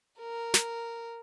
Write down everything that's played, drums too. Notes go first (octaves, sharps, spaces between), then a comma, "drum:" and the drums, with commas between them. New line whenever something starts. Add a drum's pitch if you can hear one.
A#4
drum: snare